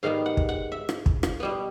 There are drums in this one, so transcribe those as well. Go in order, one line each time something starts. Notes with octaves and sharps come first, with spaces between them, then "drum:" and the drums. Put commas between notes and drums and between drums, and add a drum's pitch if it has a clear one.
G#2 D#3 G3 B3 F5
F#5
drum: kick
F#5
E5
drum: rim click
drum: kick
drum: rim click
B2 G3 B3